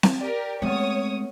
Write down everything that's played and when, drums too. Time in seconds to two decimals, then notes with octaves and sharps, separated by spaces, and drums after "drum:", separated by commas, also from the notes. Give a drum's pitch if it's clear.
0.03 drum: snare C4
0.21 G4 A#4 D5
0.62 G#3 A3 B3 C4 C#5 D#6